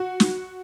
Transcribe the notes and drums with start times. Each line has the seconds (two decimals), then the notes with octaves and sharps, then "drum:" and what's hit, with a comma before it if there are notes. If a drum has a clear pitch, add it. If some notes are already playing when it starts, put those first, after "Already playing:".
Already playing: F#4
0.20 drum: snare